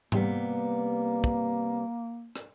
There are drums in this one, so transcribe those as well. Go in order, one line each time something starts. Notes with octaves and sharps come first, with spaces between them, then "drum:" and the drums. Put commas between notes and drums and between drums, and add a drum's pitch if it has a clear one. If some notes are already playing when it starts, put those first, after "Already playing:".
C3 G3 A#3 B3, drum: tom G#2
drum: kick
drum: rim click